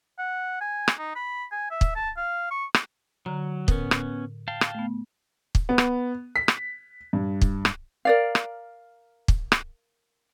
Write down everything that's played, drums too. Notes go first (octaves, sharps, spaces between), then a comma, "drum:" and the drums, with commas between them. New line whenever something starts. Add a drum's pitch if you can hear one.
F#5
G#5
drum: rim click
D#4
B5
G#5
E5
drum: kick
A5
F5
C#6
drum: rim click
D3 F#3 A#5
A2 B3 C#4 A#4, drum: kick
drum: rim click
F5 G5 A5
drum: rim click
A3 B3
drum: kick
B3
drum: rim click
B6
drum: rim click
G2
drum: kick
drum: rim click
A#4 D5 F5
drum: rim click
drum: kick
drum: rim click